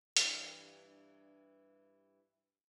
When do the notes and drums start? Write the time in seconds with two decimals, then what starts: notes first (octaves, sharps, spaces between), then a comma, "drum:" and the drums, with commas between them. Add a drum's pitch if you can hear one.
0.17 G2 E3, drum: hi-hat